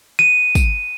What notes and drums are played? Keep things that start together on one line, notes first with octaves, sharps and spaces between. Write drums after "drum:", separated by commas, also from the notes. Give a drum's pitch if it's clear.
D#7
drum: kick, tambourine